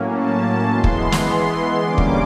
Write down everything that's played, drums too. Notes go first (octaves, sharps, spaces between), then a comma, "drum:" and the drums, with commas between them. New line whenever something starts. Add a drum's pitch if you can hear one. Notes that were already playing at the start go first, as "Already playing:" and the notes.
Already playing: A2 F#3 A#3 C#4
A5
E3 G#3 B3 C6
drum: kick
drum: snare
D3 G3 A#3 C#4 D6
drum: kick